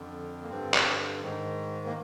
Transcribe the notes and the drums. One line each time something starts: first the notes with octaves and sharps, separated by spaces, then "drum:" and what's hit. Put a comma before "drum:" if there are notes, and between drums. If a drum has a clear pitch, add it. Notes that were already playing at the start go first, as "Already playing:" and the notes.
Already playing: F2 D3
A#3
G2 D3 C4
drum: clap
G#2 D#3
A#3